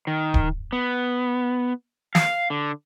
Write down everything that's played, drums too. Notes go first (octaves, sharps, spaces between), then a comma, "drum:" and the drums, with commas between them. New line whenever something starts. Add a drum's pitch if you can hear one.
D#3
drum: kick D1
B3
F5, drum: snare
D3